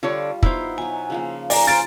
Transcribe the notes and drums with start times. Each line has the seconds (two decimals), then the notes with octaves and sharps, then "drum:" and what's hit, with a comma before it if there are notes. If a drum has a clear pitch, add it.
0.03 D3 G3 D4 F4 C#5
0.43 B3 D#4 E4 C5 F5, drum: kick
0.78 B2 F#3 G#5
1.10 C#3 F3 A#3
1.50 A#4 D5 G#5 A#5, drum: open hi-hat
1.67 F4 C5 A6 D7